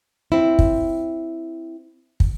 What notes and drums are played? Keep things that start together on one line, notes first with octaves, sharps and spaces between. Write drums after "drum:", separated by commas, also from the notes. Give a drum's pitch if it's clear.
C4 E4
drum: kick
drum: kick